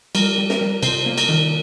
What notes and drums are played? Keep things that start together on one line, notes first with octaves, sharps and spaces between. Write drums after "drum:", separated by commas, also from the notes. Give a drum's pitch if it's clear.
G3 A#4, drum: cymbal
G3
A#4, drum: snare
G3
C3 C5, drum: cymbal
A#3
A#4, drum: cymbal
D#3